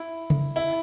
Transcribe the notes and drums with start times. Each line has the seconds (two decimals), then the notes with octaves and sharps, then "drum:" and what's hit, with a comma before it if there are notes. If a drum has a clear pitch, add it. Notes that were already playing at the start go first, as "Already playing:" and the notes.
Already playing: E4
0.30 drum: tom C#3
0.56 E4